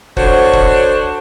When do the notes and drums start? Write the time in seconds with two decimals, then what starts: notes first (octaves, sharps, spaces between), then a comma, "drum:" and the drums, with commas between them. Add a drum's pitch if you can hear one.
0.17 D4 F#4 A4 C5 C#5, drum: kick
0.53 drum: kick